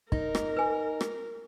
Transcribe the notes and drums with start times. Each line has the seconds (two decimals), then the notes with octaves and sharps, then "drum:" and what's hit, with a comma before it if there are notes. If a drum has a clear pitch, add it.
0.12 D#4 A#4, drum: kick
0.35 drum: rim click
0.57 B4 G#5
1.01 drum: rim click